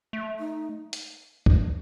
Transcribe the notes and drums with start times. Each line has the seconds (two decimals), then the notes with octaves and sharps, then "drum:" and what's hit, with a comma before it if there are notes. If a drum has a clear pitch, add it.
0.13 A3
0.39 D#4
0.93 drum: hi-hat
1.46 drum: kick